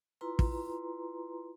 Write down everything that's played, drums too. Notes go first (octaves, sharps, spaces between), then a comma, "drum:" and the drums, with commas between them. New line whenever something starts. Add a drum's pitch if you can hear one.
E4 F4 B4 A#5 C6
drum: kick